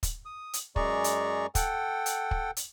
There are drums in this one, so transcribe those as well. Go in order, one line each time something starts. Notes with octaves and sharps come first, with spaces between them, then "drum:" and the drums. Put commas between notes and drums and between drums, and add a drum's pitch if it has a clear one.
drum: kick, hi-hat
D#6
drum: hi-hat
F#2 G#3 G#4 D5 A#5 C#6, drum: kick
drum: hi-hat
A4 F#5 G5, drum: kick, hi-hat
drum: hi-hat
drum: kick
drum: hi-hat